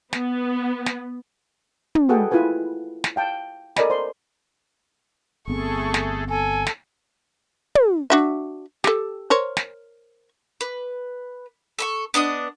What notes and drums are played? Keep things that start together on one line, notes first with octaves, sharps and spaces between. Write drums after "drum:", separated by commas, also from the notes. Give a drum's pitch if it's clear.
B3, drum: snare
drum: snare
drum: tom
F#4 G#4 A4 B4 F#5 G5
E4 F4 G#4 B4 G#5
drum: snare
F5 G5 A5
A4 A#4 D5 D#5 G#5 B5, drum: snare
C5 D5 A#5 C6
G1 A3 B3 C4 G#4 A4 C#6
drum: snare
A4 G#5
drum: snare
drum: tom
D4 F#4 E5
G4 A4, drum: snare
A#4 C5 C#5
drum: snare
B4
A4 B5 C#6
B3 D4 D#5 D#6